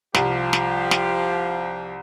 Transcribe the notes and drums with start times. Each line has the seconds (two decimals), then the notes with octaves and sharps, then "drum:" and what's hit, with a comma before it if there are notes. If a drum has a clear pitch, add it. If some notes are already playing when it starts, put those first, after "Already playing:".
0.15 C2 F3 G4, drum: snare
0.53 drum: snare
0.91 drum: snare